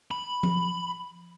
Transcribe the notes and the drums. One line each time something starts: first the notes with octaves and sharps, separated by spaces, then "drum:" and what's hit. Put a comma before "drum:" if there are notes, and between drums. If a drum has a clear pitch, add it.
B5
drum: tom F3